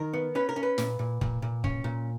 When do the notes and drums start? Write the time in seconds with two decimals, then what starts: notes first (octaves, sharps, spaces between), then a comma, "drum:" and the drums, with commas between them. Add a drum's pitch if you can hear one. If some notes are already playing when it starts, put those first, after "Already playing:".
Already playing: D#3 A#4
0.13 B3
0.35 C#4 B4
0.49 A#4
0.56 C#4
0.63 B4
0.78 A#2, drum: snare
0.99 A#2
1.21 A#2, drum: kick
1.42 A#2
1.64 C#4, drum: kick
1.84 A#2